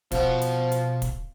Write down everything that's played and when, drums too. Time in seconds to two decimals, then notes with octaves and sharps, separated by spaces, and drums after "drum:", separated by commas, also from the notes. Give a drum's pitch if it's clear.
0.11 B2 F3 F#5, drum: kick, hi-hat
0.42 drum: hi-hat
0.72 drum: hi-hat
1.02 drum: kick, hi-hat